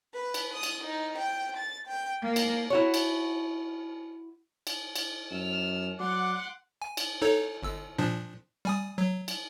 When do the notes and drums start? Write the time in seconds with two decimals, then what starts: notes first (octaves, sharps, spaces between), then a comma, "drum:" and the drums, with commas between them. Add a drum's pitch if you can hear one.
0.13 B4
0.34 drum: cymbal
0.53 D#6
0.63 drum: cymbal
0.84 D#4
1.18 G5
1.56 A6
1.87 G5
2.22 A#3
2.36 drum: cymbal
2.70 E4 F#4 C#5
2.94 drum: cymbal
4.67 drum: cymbal
4.96 drum: cymbal
5.31 F#2 E6 F6
5.99 F#3 D5 F#5 C6 D6
6.82 G#5
6.97 drum: cymbal
7.22 D#4 A4 C#5
7.63 G1 E6
7.98 A#2 F3 D4
8.65 G3 G#5 D#6
8.98 F#3
9.28 drum: cymbal